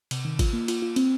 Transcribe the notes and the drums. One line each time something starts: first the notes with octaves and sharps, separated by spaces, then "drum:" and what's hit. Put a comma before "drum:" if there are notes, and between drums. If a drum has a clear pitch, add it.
C3, drum: cymbal
D#3
F4, drum: kick G#1, cymbal
A#3
F4, drum: cymbal
F4
C4, drum: cymbal